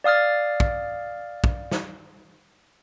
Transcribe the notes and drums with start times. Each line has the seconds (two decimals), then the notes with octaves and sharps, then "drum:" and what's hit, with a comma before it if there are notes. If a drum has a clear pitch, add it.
0.04 D5 F5 D#6 F6 A6
0.60 drum: kick
1.44 drum: kick
1.72 drum: snare